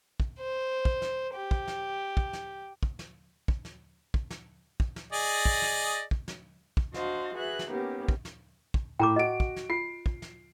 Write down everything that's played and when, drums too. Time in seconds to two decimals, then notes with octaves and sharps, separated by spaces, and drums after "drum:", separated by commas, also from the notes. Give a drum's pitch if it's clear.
0.20 drum: kick
0.40 C5
0.85 drum: kick
1.02 drum: snare
1.35 G4
1.51 drum: kick
1.68 drum: snare
2.17 drum: kick
2.33 drum: snare
2.83 drum: kick
2.99 drum: snare
3.48 drum: kick
3.65 drum: snare
4.14 drum: kick
4.30 drum: snare
4.80 drum: kick
4.96 drum: snare
5.12 G#4 D5 D#5
5.46 drum: kick
5.62 drum: snare
6.11 drum: kick
6.28 drum: snare
6.77 drum: kick
6.94 D4 F#4 C5 D#5 F5, drum: snare
7.34 F#4 G#4 B4 E5 F#6
7.59 drum: snare
7.70 A#3 B3 C#4 D#4 G4
8.08 drum: kick
8.25 drum: snare
8.74 drum: kick
9.00 A2 G5 A#5 D6
9.16 F#4 D#5 D7
9.40 drum: kick
9.56 drum: snare
9.70 F4 C7
10.06 drum: kick
10.22 drum: snare